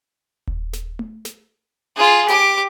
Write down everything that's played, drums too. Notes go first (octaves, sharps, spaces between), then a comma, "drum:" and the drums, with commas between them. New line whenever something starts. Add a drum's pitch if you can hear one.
drum: kick D#1
drum: snare
drum: tom A3
drum: snare
F4 G#4
G4 D6, drum: snare